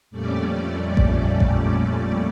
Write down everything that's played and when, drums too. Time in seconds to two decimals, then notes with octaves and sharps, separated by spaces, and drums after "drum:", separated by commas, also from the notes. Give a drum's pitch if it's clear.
0.11 F2 A#2 G3 A3 C#4 D5
0.97 drum: kick A1
1.40 drum: kick A1